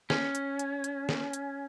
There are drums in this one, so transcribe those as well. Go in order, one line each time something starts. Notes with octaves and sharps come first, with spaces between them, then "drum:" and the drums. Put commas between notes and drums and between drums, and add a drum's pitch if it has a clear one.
C#4, drum: snare
drum: hi-hat
drum: hi-hat
drum: hi-hat
drum: snare
drum: hi-hat